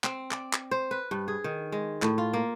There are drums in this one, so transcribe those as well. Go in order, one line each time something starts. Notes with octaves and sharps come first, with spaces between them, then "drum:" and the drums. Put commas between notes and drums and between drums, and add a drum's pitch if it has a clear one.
C4, drum: clap
D5, drum: clap
drum: clap
C5
B4
G2
G#4
D#3
G#3
A2, drum: clap
F4
A#3